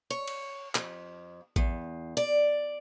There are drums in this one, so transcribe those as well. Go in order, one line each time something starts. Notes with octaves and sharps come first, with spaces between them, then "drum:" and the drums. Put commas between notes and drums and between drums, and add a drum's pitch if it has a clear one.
C#5
drum: cymbal
F2, drum: clap
E2, drum: kick A1
D5